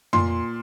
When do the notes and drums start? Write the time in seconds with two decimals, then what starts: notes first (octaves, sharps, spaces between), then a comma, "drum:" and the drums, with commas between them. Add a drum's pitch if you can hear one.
0.13 A#2 C6, drum: tom F2